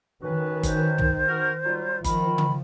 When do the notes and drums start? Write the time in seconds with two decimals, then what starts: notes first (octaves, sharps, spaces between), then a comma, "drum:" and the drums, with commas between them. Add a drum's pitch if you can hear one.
0.22 D#3 C#4 F#4 B4
0.63 C5, drum: kick G1, hi-hat
0.98 drum: tom
1.27 F#4 A#4
1.65 F#3 G3 F4
2.04 D#3 F3 B5, drum: kick G1, hi-hat
2.38 drum: tom C#3